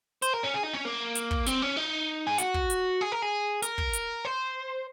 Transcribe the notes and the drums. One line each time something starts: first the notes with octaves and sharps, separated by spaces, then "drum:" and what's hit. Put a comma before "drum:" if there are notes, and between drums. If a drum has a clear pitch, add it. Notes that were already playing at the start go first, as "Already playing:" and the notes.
C5, drum: hi-hat
A#4
C#4
G#4
D#4
C#4
A#3
drum: hi-hat
drum: kick
C4, drum: hi-hat
C#4
D#4
G#4
F#4, drum: hi-hat
drum: kick
drum: hi-hat
G#4
A#4
G#4
A#4, drum: hi-hat
drum: kick
drum: hi-hat
C5